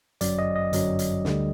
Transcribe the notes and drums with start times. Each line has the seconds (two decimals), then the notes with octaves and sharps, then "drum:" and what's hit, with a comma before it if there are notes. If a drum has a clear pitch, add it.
0.21 G1 F#2 F#3 D5, drum: hi-hat
0.39 D#5
0.55 D#5
0.73 G1 F#2 F#3, drum: hi-hat
0.99 drum: hi-hat
1.25 D2 D3 G3, drum: snare